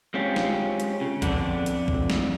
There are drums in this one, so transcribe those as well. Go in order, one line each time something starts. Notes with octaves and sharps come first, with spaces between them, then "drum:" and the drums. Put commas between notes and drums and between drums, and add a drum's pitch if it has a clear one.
G#3 C4 C#4 F4 G4
drum: snare
drum: hi-hat
C#3
F2 D3 B3 D4, drum: kick B1, hi-hat
drum: hi-hat
drum: kick B1
drum: snare